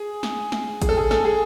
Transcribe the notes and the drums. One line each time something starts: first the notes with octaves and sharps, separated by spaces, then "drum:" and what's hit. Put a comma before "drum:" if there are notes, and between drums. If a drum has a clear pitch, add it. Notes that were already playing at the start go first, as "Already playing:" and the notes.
Already playing: G#4
drum: snare
drum: snare
G#4, drum: kick G#1, hi-hat
A4
G#4
A4, drum: snare
G#4